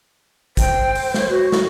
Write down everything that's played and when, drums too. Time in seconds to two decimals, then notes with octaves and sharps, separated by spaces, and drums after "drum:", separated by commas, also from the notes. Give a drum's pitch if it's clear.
0.57 C5 G5, drum: kick, hi-hat
0.95 drum: open hi-hat
1.14 drum: snare
1.28 F#4
1.52 drum: snare